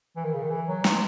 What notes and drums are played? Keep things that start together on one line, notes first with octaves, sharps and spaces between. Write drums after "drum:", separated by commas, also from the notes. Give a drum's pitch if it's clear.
E3
D#3
C#3
D#3
E3
F#3
G#3, drum: snare